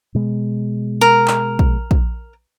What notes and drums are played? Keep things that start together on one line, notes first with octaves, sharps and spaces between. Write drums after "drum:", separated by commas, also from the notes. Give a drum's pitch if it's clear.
B2 G#3
A#4
drum: clap
drum: kick A#1
drum: kick A#1